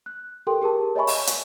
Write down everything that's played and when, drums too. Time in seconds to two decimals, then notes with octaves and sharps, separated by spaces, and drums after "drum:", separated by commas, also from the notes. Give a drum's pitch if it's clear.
0.06 F#6
0.47 G4 A4 A#4 G5 C6
0.62 G4 G#4 A#4 A5
0.95 C#5 D#5 E5 G#5 B5 C#6
1.07 C#5, drum: open hi-hat
1.27 drum: hi-hat